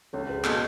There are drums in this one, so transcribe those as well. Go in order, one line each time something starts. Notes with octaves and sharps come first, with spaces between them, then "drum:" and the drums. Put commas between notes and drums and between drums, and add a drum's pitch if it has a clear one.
C#2 A4 C#5
G#4 B4
B2 F#4 A4, drum: clap